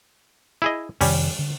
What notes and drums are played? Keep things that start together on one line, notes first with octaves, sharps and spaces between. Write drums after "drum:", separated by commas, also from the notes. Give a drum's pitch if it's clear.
E4 G#4 D#5
F2 C3 D#3 G3 C#4, drum: open hi-hat
D3